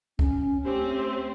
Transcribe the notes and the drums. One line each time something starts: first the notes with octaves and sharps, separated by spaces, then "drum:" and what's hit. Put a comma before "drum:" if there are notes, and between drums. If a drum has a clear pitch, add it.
C#4, drum: kick
A3 C4 C#4 G4